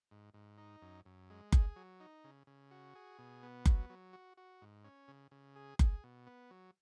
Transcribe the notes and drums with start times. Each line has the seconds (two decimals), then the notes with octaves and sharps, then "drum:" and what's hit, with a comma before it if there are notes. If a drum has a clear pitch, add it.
0.11 G#2
0.34 G#2
0.58 D#4
0.82 F#2
1.05 F#2
1.30 G#3
1.52 G#4, drum: kick F#1
1.76 F#3
2.00 D#4
2.24 C#3
2.47 C#3
2.71 F#4
2.95 G#4
3.19 B2
3.43 B3
3.66 F#3, drum: kick F#1
3.90 F#3
4.13 F#4
4.37 F#4
4.62 G#2
4.84 C#4
5.08 C#3
5.31 C#3
5.56 G#4
5.79 G#4, drum: kick F#1
6.04 B2
6.27 B3
6.50 F#3